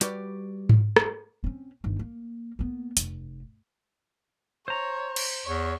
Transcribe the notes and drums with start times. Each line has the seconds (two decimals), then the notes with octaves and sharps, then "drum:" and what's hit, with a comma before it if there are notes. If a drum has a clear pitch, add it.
0.01 G3 F#4 G4 B4 D5, drum: hi-hat
0.69 drum: tom G#2
0.96 drum: rim click
1.44 C4 C#4
1.84 G1 D#3
1.99 A#3
2.59 A#3 B3
2.97 F1, drum: hi-hat
4.68 C5 C#5 A#5
5.16 drum: cymbal
5.46 E2 C#5